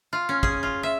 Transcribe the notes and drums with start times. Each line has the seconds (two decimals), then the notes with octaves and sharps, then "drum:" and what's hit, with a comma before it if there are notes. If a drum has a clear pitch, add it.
0.13 F4
0.29 C#4
0.43 G#4, drum: kick
0.63 F4
0.83 E5